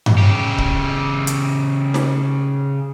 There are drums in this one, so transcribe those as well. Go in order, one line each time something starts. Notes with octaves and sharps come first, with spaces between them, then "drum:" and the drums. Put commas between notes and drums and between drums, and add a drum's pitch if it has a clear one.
drum: tom G2
C#3 G4
drum: kick D1
drum: hi-hat
drum: snare